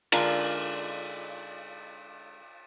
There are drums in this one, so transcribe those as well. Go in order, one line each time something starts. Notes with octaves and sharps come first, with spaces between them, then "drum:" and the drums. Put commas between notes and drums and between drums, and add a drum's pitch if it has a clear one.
D3 G#3 D4 F4 A#4, drum: cymbal